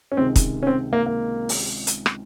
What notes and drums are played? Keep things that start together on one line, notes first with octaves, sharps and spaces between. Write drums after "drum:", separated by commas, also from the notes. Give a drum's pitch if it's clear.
C#4
C#2 C3 D#3 G#3 C4
drum: kick, hi-hat
C#4
C4
A#3
A#3
drum: open hi-hat
drum: hi-hat
drum: rim click